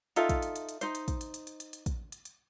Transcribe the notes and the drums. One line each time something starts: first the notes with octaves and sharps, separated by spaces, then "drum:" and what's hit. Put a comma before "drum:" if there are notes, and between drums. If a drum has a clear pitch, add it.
D#4 F4 A4 E5, drum: hi-hat
drum: kick, hi-hat
drum: hi-hat
drum: hi-hat
drum: hi-hat
D#4 C5, drum: hi-hat
drum: hi-hat
drum: kick, hi-hat
drum: hi-hat
drum: hi-hat
drum: hi-hat
drum: hi-hat
drum: hi-hat
drum: kick, hi-hat
drum: hi-hat
drum: hi-hat